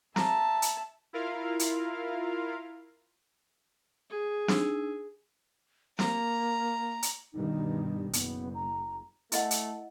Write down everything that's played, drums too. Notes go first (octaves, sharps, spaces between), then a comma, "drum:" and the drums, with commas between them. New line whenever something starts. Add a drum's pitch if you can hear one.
E5 A5 A#5, drum: snare
drum: hi-hat
E4 F4 A#4 F5
drum: hi-hat
G#4
D4 D#4 E6, drum: snare
A#3 A#5, drum: snare
drum: hi-hat
G2 B2 D#3 D#4
F#1 B3, drum: hi-hat
A#5
A3 E4 D#5 F#5, drum: hi-hat
drum: hi-hat